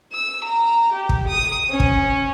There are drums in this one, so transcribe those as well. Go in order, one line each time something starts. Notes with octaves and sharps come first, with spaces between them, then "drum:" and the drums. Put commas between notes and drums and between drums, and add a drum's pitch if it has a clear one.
E6
A#5
G4
drum: kick
D#6
C#4
drum: kick